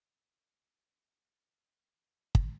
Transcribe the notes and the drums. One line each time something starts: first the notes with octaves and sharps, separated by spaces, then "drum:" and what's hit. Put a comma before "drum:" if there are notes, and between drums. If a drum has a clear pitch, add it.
F4 C#5 A5 C6 D#6
drum: kick